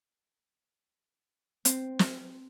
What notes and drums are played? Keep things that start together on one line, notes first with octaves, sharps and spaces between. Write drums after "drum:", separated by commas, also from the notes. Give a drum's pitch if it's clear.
C4, drum: hi-hat
drum: snare